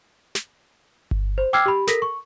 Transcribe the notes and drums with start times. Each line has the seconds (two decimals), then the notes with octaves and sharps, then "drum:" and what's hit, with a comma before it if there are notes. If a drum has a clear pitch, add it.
0.35 drum: snare
1.11 drum: kick G1
1.38 C5
1.53 G5 D6 E6 F6 G#6 C7
1.66 G4 B5
1.87 A4 A#4 A#6 B6, drum: snare
2.02 C#6